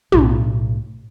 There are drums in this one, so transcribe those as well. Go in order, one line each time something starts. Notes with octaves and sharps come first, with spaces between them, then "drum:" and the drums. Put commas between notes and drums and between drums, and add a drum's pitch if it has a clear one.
B1 A2, drum: tom